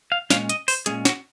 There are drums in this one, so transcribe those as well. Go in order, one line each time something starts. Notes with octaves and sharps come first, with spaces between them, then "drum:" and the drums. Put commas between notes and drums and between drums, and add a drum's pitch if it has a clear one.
F5
A#2 G#3 C#4 F5, drum: snare
D#5, drum: hi-hat
C5, drum: open hi-hat
A#2 G#3 C#4 G#4, drum: hi-hat
F#4, drum: snare